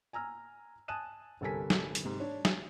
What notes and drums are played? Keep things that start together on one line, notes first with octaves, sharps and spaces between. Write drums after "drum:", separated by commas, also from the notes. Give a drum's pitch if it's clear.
G#5 A#5 E6 F6
G#5 A5 D#6 F#6 D#7 E7
G1 C2 A4 A#4 G#5 B6
drum: snare
drum: hi-hat
G#2 C3
D4 C#5
drum: snare